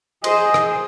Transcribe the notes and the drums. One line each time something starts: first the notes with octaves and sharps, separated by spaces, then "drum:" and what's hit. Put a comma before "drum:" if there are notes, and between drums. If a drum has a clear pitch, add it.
G#4 C5 D#5, drum: cymbal
drum: rim click